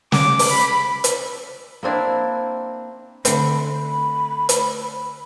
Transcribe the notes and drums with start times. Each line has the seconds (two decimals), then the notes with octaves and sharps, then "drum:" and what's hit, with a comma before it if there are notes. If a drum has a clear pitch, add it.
0.12 D6, drum: snare
0.39 drum: open hi-hat
0.50 B5
1.04 drum: hi-hat
1.83 A#3 C4 D4 E4
3.25 D3 A3 C4 B5, drum: hi-hat
4.49 drum: hi-hat